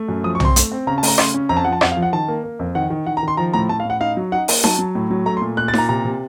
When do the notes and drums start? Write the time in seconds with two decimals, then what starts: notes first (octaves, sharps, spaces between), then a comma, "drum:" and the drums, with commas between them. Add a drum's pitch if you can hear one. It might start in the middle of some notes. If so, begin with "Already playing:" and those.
Already playing: A3
0.08 F#2
0.24 F3 D#6
0.35 C#6
0.40 C4 C6, drum: tom B1
0.56 A3, drum: hi-hat
0.72 C4
0.87 C#3 A#5
0.98 A5
1.03 A3 A#5, drum: open hi-hat
1.18 C#3 C6, drum: rim click
1.34 C#4
1.49 F2 A#5
1.57 A5
1.65 F3 F#5
1.72 A5
1.81 F2 F#5, drum: rim click
1.91 F5
1.97 F3
2.03 F#5
2.13 D#3 A5
2.28 A#3
2.44 A#3
2.59 F2
2.75 D#3 F#5
2.90 D#3
3.06 D#3 F#5
3.17 A#5
3.23 D#3 C6
3.37 F3 A#5
3.53 A2 A#5
3.69 A2 A5
3.80 F5
3.85 A2 F#5
4.01 D#4 F5
4.17 F#3
4.32 D#4 F#5
4.48 A#3, drum: open hi-hat
4.64 F#3 A5, drum: snare D#4
4.79 F#3
4.95 A2
5.11 F#3
5.26 A3 A#5
5.37 C6
5.41 A#2
5.57 A#2 F#6
5.68 A6
5.73 A#2 A#5, drum: snare D#4
5.89 C3 A#5
6.05 C3